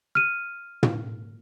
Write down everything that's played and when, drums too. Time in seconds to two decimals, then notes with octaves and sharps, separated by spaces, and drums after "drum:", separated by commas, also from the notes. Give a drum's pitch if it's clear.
0.15 F6 D#7
0.83 drum: tom